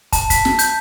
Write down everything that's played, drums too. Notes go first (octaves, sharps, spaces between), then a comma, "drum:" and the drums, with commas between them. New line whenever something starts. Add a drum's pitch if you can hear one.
A5, drum: kick, hi-hat
B6, drum: kick, hi-hat
drum: snare
G6, drum: hi-hat